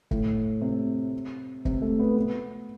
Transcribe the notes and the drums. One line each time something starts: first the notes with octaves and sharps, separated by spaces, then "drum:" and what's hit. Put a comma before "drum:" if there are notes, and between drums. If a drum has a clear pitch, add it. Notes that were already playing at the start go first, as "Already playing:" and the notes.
A2, drum: kick
C3
C3, drum: kick
A3
B3
B3